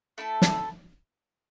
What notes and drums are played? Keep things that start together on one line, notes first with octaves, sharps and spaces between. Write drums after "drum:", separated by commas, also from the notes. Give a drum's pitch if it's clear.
A3 E4 A4
drum: snare